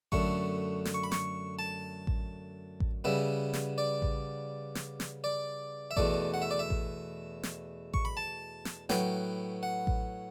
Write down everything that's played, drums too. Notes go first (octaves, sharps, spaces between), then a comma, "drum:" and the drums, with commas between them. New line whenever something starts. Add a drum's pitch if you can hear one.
F#2 D3 A3 C#6, drum: kick A1
drum: snare
C#6
B5
C#6, drum: snare
A5
drum: kick A1
drum: kick A1
C#3 G3 B3 E5
drum: snare
D5
drum: kick A1
drum: snare
drum: snare
D5
E5
E2 B2 A3 D5, drum: kick A1
F#5
E5
D5
E5
drum: kick A1
drum: snare
C#6, drum: kick A1
B5
A5
drum: snare
A2 F#3 B3 G5, drum: snare
F#5
drum: kick A1